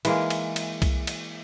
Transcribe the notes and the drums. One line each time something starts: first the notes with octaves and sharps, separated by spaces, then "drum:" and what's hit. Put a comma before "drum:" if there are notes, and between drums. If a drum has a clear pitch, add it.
E3 G#3 A#3, drum: cymbal
drum: cymbal
drum: cymbal
drum: kick C2, cymbal
drum: cymbal